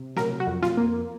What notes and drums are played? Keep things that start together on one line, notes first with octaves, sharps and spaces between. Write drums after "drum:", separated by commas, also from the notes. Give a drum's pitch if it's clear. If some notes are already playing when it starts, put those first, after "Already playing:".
Already playing: C3
F#3 A#4, drum: snare
F#4
F2
F4, drum: snare
A#3